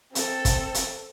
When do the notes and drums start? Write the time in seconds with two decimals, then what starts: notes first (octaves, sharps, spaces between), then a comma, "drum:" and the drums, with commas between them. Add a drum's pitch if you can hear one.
0.15 C4 A4, drum: hi-hat
0.45 drum: kick, hi-hat
0.74 drum: hi-hat